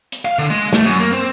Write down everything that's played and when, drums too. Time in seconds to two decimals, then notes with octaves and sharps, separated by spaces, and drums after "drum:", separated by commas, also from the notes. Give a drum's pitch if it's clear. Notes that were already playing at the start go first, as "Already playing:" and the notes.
0.12 drum: hi-hat
0.25 F5
0.39 D3
0.50 G#3
0.73 A3, drum: snare
0.85 F#2
0.99 A#3
1.13 C4